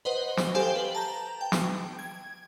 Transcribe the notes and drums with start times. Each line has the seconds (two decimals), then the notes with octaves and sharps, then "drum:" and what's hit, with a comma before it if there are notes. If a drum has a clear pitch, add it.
0.05 B4 C5 D#5 F#5
0.37 drum: snare
0.55 G4 A4 C5 F5 G5 G#5
0.75 B4 F#7
0.95 A5 A#5 G6
1.41 G5
1.52 drum: snare
1.99 G#6